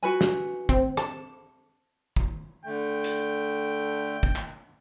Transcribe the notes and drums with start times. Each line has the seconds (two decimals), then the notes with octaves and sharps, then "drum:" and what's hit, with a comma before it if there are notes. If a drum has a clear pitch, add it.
0.03 F#4 B4 G#5
0.21 drum: snare
0.69 C4, drum: kick
0.97 A5, drum: rim click
2.16 drum: kick
2.65 D3 A3 G5
3.04 drum: hi-hat
4.23 drum: kick
4.36 drum: clap